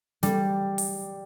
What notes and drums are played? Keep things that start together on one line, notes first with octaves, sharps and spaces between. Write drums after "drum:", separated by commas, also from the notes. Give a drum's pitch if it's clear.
G3, drum: snare
drum: open hi-hat